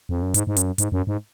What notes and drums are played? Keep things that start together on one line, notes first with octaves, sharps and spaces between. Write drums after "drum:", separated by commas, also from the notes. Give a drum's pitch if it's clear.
F2
F#2
G#2, drum: hi-hat
G#2
F#2, drum: hi-hat
G#2, drum: hi-hat
F#2
G#2